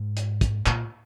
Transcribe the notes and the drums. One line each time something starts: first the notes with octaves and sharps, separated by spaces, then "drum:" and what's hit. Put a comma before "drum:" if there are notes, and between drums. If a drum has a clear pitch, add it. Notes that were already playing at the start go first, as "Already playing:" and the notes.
Already playing: G#2
drum: hi-hat
drum: kick, hi-hat
A#2, drum: clap